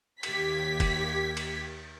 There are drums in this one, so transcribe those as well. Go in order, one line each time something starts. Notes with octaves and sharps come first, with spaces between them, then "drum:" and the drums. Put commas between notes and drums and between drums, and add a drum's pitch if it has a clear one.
D#2 G4 G#6 B6, drum: cymbal
drum: kick, cymbal
drum: cymbal